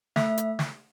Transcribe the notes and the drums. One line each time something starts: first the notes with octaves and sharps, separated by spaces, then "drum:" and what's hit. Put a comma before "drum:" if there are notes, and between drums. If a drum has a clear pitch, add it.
A3 E5, drum: snare
drum: hi-hat
drum: snare